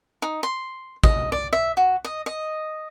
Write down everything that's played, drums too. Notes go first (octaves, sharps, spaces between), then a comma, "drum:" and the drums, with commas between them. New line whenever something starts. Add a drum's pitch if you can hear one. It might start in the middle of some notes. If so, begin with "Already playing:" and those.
D#4
C6
D#5, drum: kick
D5
E5
F#4
D#5
D#5